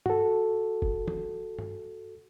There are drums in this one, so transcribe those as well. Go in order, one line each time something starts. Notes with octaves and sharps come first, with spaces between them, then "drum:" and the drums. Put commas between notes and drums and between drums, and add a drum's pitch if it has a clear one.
F#4 A4, drum: tom G2
drum: kick
drum: tom
drum: tom G2